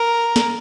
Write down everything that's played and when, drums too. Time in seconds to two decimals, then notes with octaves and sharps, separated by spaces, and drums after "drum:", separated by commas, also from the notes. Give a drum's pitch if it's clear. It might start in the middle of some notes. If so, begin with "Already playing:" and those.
Already playing: A#4
0.36 drum: snare